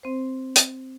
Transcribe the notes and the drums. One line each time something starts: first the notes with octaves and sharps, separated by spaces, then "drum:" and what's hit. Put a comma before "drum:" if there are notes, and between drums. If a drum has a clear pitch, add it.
C4 C5
drum: hi-hat